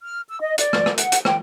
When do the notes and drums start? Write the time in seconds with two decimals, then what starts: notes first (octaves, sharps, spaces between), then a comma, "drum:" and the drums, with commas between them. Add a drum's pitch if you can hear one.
0.03 F6
0.29 E6
0.40 D#5
0.58 D5, drum: hi-hat
0.73 drum: rim click
0.86 drum: rim click
0.98 F#5, drum: hi-hat
1.12 drum: hi-hat
1.25 G5, drum: rim click